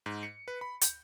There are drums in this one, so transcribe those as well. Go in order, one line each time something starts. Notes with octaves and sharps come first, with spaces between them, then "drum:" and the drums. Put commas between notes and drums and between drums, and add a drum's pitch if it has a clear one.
G#2
C#7
B4
B5
G6, drum: hi-hat